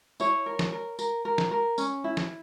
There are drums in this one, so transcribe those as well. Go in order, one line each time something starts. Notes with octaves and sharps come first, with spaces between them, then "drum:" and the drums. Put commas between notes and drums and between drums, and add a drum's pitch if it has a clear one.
E4 C#5, drum: tambourine
A#4
drum: snare
A#4
A#4, drum: tambourine
A#4
drum: snare
A#4
C#4, drum: tambourine
E4
drum: snare